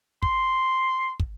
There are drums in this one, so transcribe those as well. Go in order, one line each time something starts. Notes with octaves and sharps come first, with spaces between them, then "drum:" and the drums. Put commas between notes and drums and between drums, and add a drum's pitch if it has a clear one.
C6, drum: kick
drum: kick